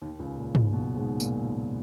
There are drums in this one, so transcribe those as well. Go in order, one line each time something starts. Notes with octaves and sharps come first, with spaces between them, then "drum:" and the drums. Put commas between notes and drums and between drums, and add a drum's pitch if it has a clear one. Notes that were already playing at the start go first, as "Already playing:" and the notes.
D#2 D#3
C#2 C#3
A#2
A#2, drum: tom
B1 B2
G#2 G#3
A#2 A#3, drum: tambourine